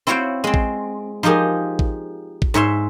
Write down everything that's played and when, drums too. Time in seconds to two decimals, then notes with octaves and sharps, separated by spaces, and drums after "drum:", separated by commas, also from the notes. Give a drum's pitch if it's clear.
0.07 C4 E4 F#4 C#5 F5 G5
0.44 G#3 C4
0.54 drum: kick A1
1.23 F3 D#4 G4 G#4 A#4
1.79 drum: kick A1
2.42 drum: kick A1
2.54 G#2 C#5 E5 C6